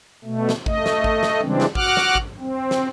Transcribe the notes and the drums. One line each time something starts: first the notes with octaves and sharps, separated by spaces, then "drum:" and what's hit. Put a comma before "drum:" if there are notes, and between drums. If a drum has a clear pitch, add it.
B2 A3
drum: snare
A3 D#5, drum: kick G#1
drum: snare
drum: kick G#1
drum: snare
C#3 E3 G3 G#3 C4 D4
drum: snare
F#4 F#5 D6 F6 F#6, drum: kick G#1
drum: snare
drum: kick G#1
C4
drum: snare